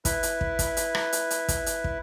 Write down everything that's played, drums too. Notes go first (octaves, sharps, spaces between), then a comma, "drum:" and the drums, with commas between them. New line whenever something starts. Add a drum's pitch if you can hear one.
E4 B4, drum: kick, hi-hat
drum: hi-hat
drum: kick
drum: kick, hi-hat
drum: hi-hat
drum: rim click
drum: hi-hat
drum: hi-hat
drum: kick, hi-hat
drum: hi-hat
drum: kick